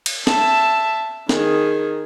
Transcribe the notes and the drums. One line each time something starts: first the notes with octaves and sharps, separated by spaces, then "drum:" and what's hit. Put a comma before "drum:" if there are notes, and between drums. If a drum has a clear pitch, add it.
drum: cymbal
E5 A5, drum: snare
D#3 G#4, drum: snare